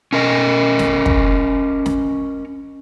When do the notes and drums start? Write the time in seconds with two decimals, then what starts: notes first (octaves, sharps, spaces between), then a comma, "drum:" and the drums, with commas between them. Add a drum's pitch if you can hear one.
0.13 C#4 A#4 D#5
0.79 drum: snare
1.06 drum: kick
1.86 drum: snare